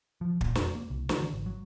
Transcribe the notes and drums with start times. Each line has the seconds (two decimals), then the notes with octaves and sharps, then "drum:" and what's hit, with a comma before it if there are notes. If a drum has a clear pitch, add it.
0.21 F3
0.41 A#2, drum: kick
0.55 F1, drum: snare
0.75 A#3
0.90 C2
1.09 E3, drum: snare
1.21 D3
1.33 G#1
1.46 F#3